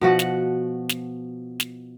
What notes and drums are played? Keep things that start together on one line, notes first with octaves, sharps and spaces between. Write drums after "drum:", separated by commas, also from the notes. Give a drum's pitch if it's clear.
B2 F3 F#4 F#5
drum: snare
drum: snare
drum: snare